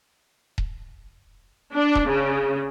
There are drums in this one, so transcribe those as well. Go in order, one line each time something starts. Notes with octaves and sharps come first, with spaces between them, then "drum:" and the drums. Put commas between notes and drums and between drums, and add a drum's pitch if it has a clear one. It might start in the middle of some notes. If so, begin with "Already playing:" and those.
drum: kick D#1
D4
drum: kick D#1
C#3